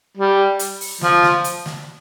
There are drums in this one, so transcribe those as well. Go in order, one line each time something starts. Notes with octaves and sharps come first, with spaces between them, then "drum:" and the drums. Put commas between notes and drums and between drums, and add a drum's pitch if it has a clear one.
G3
drum: hi-hat
drum: open hi-hat
F3, drum: snare
drum: snare
drum: hi-hat
drum: snare